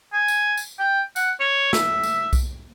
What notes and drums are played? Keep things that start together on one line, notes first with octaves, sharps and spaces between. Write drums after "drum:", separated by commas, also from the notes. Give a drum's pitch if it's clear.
G#5
drum: tambourine
drum: tambourine
G5
F#5, drum: tambourine
C#5
E5, drum: snare
drum: tambourine
drum: kick B1, tambourine